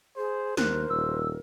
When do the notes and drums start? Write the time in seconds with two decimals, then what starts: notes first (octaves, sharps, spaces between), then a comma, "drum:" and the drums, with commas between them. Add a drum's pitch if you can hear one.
0.17 G#4 C5
0.57 D#2 A#4 C5 F#6, drum: snare
0.90 D#1 E6